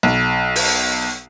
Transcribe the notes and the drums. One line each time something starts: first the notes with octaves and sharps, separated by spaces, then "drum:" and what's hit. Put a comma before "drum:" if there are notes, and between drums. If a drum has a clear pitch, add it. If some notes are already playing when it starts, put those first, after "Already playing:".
B1
drum: open hi-hat